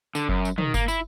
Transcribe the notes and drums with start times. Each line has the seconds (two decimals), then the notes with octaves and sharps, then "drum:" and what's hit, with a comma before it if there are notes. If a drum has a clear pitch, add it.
0.15 D3, drum: tambourine
0.29 F#2, drum: kick F#1
0.45 drum: tambourine
0.58 D#3, drum: tom
0.74 A#3, drum: kick F#1, tambourine
0.88 E4, drum: tambourine